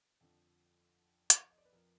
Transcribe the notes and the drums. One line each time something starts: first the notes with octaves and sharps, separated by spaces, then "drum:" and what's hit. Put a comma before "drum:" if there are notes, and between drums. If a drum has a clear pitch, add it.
F2 D3 F3
drum: hi-hat
D#5
D5
B4
F2 F3 A#4